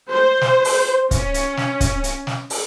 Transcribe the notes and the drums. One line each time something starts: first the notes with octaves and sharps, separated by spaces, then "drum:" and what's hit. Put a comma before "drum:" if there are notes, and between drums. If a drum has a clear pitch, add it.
C5
drum: snare
drum: open hi-hat
C#4, drum: kick, hi-hat
drum: hi-hat
drum: snare
drum: kick, hi-hat
drum: hi-hat
drum: snare
drum: open hi-hat